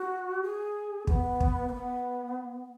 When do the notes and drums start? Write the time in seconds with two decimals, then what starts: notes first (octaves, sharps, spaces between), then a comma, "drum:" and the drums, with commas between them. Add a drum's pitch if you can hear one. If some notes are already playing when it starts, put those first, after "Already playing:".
Already playing: F#4
0.42 G#4
1.07 B3, drum: kick
1.40 drum: kick
1.68 A#3
1.73 B3